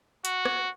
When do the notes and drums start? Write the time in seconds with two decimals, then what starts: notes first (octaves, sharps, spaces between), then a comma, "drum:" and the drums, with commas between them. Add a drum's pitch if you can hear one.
0.25 F#4, drum: hi-hat
0.45 drum: rim click